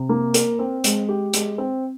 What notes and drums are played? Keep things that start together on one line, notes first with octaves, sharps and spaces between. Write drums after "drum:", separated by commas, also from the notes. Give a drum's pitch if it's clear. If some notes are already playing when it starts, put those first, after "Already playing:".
Already playing: C3
A#3
A#4, drum: hi-hat
C4
G#3, drum: hi-hat
G4
G#3, drum: hi-hat
C4